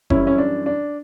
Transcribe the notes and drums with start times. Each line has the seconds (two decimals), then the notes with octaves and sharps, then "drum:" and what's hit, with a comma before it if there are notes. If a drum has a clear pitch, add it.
0.10 F#2 E3 G3 C#4 E4, drum: kick F#1
0.27 C#4
0.38 D4
0.66 D4